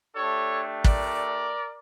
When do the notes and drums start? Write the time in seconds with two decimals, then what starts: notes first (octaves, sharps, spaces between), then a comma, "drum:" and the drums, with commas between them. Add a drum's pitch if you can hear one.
0.15 A3 D4 G4 A4 C#5
0.84 A#4 D5, drum: kick